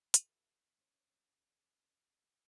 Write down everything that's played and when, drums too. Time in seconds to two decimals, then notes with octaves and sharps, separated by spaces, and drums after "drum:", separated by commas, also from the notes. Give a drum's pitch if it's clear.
0.14 F4 F#4 A4 B4 E5, drum: hi-hat
0.78 C#4 G#4 C5